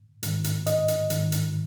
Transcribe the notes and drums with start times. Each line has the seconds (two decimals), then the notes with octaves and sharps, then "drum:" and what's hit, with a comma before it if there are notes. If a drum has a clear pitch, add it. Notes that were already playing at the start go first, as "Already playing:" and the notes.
0.23 G#2 D#3, drum: hi-hat
0.44 drum: hi-hat
0.66 D#5, drum: hi-hat
0.88 drum: hi-hat
1.10 G#2 D#3, drum: hi-hat
1.32 drum: hi-hat